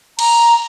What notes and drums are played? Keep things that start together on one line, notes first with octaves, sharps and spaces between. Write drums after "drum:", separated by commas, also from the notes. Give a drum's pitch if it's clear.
A#5, drum: cymbal